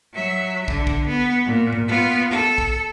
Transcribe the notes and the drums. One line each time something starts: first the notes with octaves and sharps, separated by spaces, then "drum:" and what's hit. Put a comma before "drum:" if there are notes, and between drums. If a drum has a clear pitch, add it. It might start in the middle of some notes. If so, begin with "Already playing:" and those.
F#3 E5
D3, drum: kick
drum: kick
B3
A#2
drum: tom G#2
B3 F4
A4
drum: kick